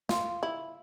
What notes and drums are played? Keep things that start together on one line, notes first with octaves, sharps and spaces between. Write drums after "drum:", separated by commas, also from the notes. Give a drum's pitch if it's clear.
F4, drum: snare
E4